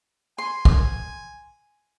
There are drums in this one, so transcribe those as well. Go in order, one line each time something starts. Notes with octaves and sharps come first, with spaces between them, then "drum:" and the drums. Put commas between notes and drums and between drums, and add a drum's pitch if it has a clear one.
G#5 C6
drum: kick